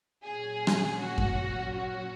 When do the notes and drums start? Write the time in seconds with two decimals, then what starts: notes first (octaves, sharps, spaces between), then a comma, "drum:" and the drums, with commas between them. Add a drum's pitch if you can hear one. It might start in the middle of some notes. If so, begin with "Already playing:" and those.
0.24 A#2 F#3 C#4 G#4
0.67 drum: rim click
0.99 F#4
1.18 drum: kick F#2
1.74 F#4